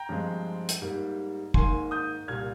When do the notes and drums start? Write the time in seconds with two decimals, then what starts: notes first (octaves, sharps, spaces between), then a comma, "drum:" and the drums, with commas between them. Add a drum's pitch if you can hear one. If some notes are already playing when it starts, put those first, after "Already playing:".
Already playing: G5 A#5
0.09 G2 F3 G#3 C4
0.69 drum: hi-hat
0.82 G#2 G3 A#3
1.54 G#2 D#3 A#3 G#5 C6, drum: kick
1.91 D#6 G6
2.27 C2 A#2 G3 F6 G#6